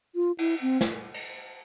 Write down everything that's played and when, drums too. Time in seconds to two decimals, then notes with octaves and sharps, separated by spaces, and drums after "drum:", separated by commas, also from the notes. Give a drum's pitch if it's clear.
0.15 F4
0.39 E4, drum: cymbal
0.62 C4
0.81 drum: snare
1.14 drum: cymbal